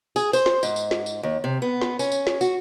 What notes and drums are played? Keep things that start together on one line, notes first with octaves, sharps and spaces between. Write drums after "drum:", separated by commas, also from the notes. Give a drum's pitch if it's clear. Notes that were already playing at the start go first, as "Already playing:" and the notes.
G#4, drum: tambourine
C5, drum: tambourine
drum: snare
G#2, drum: tambourine
drum: tambourine
drum: snare
drum: tambourine
D#2
C3
B3
drum: snare
C#4, drum: tambourine
drum: tambourine
drum: snare
F#4, drum: tambourine